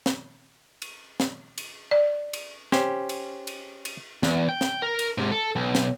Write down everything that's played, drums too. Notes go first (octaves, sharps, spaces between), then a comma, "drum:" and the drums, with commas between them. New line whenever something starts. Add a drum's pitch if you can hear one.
drum: snare
drum: cymbal
drum: snare
drum: cymbal
D5
drum: cymbal
C#4 G4 C5, drum: snare
drum: cymbal
drum: cymbal
drum: cymbal
E2, drum: snare
G5
drum: snare
A#4
drum: cymbal
G#2 C3
A4
B1
drum: snare